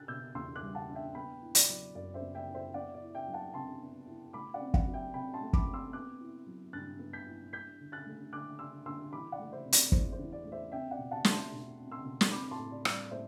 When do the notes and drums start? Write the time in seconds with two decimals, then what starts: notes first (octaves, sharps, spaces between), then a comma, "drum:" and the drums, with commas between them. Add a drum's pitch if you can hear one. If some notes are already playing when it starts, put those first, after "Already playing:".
Already playing: D4 F#6 A6
0.08 B2 E6 G6
0.35 E2 C6 E6
0.55 D6 F#6
0.62 G3
0.75 F#5 A5
0.89 D4
0.95 E5 G5
1.15 B3 G5 B5
1.42 E4
1.55 D5, drum: hi-hat
1.68 F#3
1.95 F#2 D5
2.14 C5 E5
2.21 B3
2.35 E5 G5
2.48 E4
2.54 C5 E5
2.74 B3 D5 F#5
2.94 D5
3.01 E4
3.14 E5 G5
3.28 F#3
3.34 F#5 A5
3.54 C3 A5 C6
3.80 B3
4.07 E4
4.33 A3 B5 D6
4.54 D5 F#5
4.61 C4
4.74 D5 F#5, drum: kick
4.87 F#3
4.94 E5 G5
5.14 C3 G5 B5
5.34 A5 C6
5.41 A3
5.53 B5 D6, drum: kick
5.67 C4
5.74 C6 E6
5.93 B3 D6 F#6
6.20 E4
6.47 F#3
6.73 G2 F#6 A6
6.99 B3
7.13 G6 B6
7.26 E4
7.52 D4 G6 B6
7.80 D3
7.92 F#6 A6
8.06 A3
8.33 D3 D6 F#6
8.59 D4 C6 E6
8.86 D3 C6 E6
9.13 E3 B5 D6
9.32 D5 F#5
9.39 A3
9.52 C5 E5
9.65 C3
9.72 D5, drum: hi-hat
9.92 E2 C5, drum: kick
10.12 C5
10.19 E3
10.33 D5
10.45 A3
10.52 C5 E5
10.72 C4 E5 G5
10.91 D5 F#5
10.98 B2
11.11 F#5 A5
11.24 A3, drum: snare
11.31 A5 C6
11.52 B2
11.78 C4
11.92 C6 E6
12.05 B2
12.21 drum: snare
12.31 C4 B5 D6
12.42 D6
12.51 A5 C6
12.58 A2
12.71 D5
12.85 G3, drum: rim click
12.91 D5
13.11 A2 C5 E5